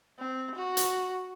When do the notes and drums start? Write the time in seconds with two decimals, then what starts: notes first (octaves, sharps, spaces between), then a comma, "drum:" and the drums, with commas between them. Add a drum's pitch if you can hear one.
0.19 C4
0.55 F#4
0.77 drum: hi-hat